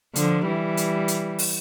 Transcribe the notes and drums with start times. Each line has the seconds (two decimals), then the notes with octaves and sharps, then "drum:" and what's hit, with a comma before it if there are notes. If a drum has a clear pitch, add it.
0.16 D3 F3, drum: hi-hat
0.47 E3 G3
0.77 drum: hi-hat
1.08 drum: hi-hat
1.39 drum: open hi-hat